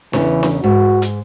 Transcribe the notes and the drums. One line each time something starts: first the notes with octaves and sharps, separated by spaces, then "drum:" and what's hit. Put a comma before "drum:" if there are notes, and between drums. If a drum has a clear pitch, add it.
E2 G2 C#3 E3, drum: snare D4
drum: snare D4
G#2 F#4
drum: hi-hat